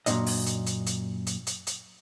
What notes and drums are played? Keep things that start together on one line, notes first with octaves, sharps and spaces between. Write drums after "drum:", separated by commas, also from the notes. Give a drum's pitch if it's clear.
F#2 A#2 F#3 G#3 D4 D#5, drum: hi-hat
drum: open hi-hat
drum: hi-hat
drum: hi-hat
drum: hi-hat
drum: hi-hat
drum: hi-hat
drum: hi-hat